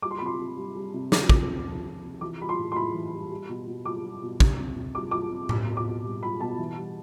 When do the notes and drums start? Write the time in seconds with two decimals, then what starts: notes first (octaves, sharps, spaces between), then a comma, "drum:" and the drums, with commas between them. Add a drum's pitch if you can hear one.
0.02 G3 D6
0.11 C6
0.18 B5
0.21 C3 C6
0.39 C3
0.58 G3
0.76 G3
0.94 C3
1.12 F3 D6, drum: snare
1.29 C3 D6, drum: kick
1.49 C3
1.67 F3
1.86 F3
2.04 C3
2.21 E3 D6
2.40 G3 B5
2.49 C6
2.58 A2
2.72 C6
2.76 A2 B5
2.94 E3
3.13 G3
3.31 G3
3.49 B2
3.67 B2
3.85 G3 D6
4.04 G3
4.22 B2
4.40 G3, drum: kick
4.59 C3
4.76 C3
4.95 G3 D6
5.11 G3 D6
5.31 C3
5.49 G3 D6, drum: tom A2
5.68 B2
5.77 D6
5.86 B2
6.04 G3
6.23 G3 B5
6.40 B2 A5
6.59 E3
6.77 G3